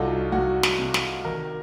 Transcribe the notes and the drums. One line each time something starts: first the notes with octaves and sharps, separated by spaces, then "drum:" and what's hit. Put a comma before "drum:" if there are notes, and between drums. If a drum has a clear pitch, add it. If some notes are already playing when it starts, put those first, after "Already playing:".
Already playing: C2 D#4 F4 F#4 A4
C2 F#4
drum: snare
C3
drum: snare
D#3 A#4